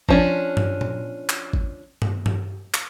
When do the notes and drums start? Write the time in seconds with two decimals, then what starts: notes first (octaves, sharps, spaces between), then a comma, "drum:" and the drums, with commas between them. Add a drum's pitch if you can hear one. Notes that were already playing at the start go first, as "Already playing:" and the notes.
0.09 F3 C#4 D4, drum: kick G#1
0.57 drum: tom G2
0.81 drum: tom A#2
1.29 drum: clap
1.53 drum: kick G#1
2.02 drum: tom G2
2.26 drum: tom G2
2.74 drum: clap